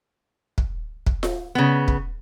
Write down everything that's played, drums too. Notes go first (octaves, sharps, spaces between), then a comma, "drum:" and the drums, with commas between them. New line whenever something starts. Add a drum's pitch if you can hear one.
drum: kick
drum: kick
drum: snare F4
C#3 B3
drum: kick